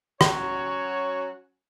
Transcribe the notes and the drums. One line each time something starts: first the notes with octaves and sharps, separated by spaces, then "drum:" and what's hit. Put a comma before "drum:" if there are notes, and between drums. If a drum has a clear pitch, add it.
F#3 C#4 F#4 C#5, drum: rim click